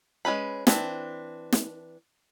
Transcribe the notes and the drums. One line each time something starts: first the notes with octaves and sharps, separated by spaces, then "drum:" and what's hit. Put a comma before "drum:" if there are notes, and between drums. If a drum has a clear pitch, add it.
G#3 C#4 B4 B5
E3 C4 D4, drum: snare
drum: snare